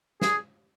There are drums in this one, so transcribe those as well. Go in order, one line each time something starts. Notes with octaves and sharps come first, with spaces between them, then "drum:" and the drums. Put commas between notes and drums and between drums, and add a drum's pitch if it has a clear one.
G#4, drum: snare